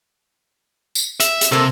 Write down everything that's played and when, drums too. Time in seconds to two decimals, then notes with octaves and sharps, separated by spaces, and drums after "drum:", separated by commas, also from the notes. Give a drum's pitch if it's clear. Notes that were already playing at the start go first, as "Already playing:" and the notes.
0.95 drum: tambourine
1.20 E5, drum: hi-hat
1.41 drum: hi-hat
1.52 C3 A#3 A4